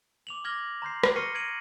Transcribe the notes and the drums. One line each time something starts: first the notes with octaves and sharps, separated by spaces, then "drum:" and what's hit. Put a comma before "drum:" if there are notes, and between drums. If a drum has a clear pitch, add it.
D6 F7 F#7
D6 F6 G#6 A#6 F#7 G7
A#5 C6 G6 C7
drum: rim click
C#6 F6 A#6 C7 C#7 D#7
G#6 A#6 D7 D#7 F#7